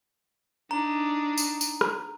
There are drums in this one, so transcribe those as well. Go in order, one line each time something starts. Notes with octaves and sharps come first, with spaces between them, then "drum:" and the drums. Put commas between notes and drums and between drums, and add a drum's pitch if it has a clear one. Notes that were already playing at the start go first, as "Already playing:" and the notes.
D4 D#4 A#5
drum: tambourine
drum: tambourine
drum: rim click